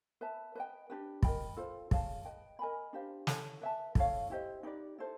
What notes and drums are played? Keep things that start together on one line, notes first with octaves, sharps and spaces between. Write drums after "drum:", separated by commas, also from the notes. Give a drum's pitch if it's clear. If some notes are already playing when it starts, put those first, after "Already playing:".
B4 E5 A5
B4 D#5 G5
D4 G4 B4
A#4 D#5 G5 B5, drum: kick
F4 A4 C5
G#4 C#5 F5 A5, drum: kick
B4 D#5 G5
A#4 D#5 G#5 B5
D4 G4 C5 F5
E4 A4 C#5, drum: snare
B4 E5 A5
E4 A4 C#5 F5, drum: kick
E4 G4 C5 D#5
D#4 G4 B4 D5
E4 A4 C5